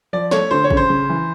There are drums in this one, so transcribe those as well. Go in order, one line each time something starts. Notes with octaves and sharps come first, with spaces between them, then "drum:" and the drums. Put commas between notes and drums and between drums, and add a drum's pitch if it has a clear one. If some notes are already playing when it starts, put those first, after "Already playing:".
F3 D5
A3 C#5, drum: snare
D3 C5
C#5
C#3, drum: kick
C5
C#3
E3